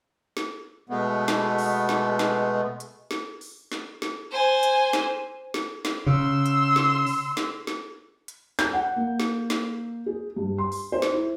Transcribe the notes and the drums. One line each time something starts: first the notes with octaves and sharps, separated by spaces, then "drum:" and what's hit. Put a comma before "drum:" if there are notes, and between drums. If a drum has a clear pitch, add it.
drum: snare
B2 G#3 A3 B3
drum: snare
drum: open hi-hat
drum: snare
drum: snare
drum: hi-hat
drum: snare
drum: open hi-hat
drum: snare
drum: snare
C5 G#5
drum: hi-hat
drum: snare
drum: snare
drum: snare
C#3 C6 E6
drum: hi-hat
drum: snare
drum: open hi-hat
drum: snare
drum: snare
drum: hi-hat
G6, drum: snare
F#5
A#3
drum: snare
drum: snare
G#4
G2
C6
drum: open hi-hat
C5
drum: snare
E4